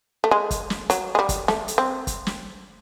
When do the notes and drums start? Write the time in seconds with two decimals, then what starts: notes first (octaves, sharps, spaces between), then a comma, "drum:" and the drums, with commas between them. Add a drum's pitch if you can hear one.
0.24 A3
0.31 G#3
0.51 drum: kick, hi-hat
0.70 drum: snare
0.90 F#3, drum: hi-hat
1.15 G#3
1.19 G3
1.29 drum: kick, hi-hat
1.48 A3, drum: snare
1.68 drum: hi-hat
1.78 C4
2.07 drum: kick, hi-hat
2.27 drum: snare